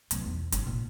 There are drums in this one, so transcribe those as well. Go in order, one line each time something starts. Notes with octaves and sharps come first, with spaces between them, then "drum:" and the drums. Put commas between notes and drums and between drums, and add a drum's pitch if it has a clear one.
B1 A2, drum: hi-hat
E2
G#1 D#4, drum: hi-hat
A#2